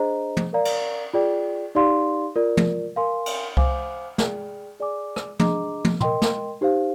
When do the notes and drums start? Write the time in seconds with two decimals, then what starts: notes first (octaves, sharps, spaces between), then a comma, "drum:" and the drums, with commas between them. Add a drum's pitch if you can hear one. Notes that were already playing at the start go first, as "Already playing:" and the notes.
Already playing: D4 G#4 C5 D#5 A#5
0.37 drum: tom
0.53 A#4 D5 F5 A#5
0.65 drum: cymbal
1.14 F4 G#4 D5 G5
1.75 D#4 G4 D5 F5 C6
2.36 F4 A#4 D5
2.57 drum: tom
2.96 A#4 F5 G#5 C6
3.26 drum: cymbal
3.57 C5 F5 G#5 D6, drum: kick C2
4.18 G#4 D5 G5, drum: snare
4.80 G#4 D5 G#5 D6
5.16 drum: rim click
5.40 D4 G#4 D#5 A#5 D6, drum: tom
5.85 drum: tom
6.00 A#4 D#5 G5 C6, drum: tom
6.22 drum: snare
6.61 D#4 G4 C5 F5